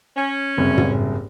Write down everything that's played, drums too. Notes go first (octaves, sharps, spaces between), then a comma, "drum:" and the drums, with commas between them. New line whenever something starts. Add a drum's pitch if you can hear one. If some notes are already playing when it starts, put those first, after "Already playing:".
C#4
F#1 C2 G2
drum: tom